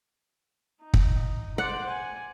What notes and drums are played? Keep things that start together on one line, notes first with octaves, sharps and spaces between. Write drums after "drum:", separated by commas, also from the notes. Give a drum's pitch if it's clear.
D#4
drum: kick
C5 D5 F#5
G#5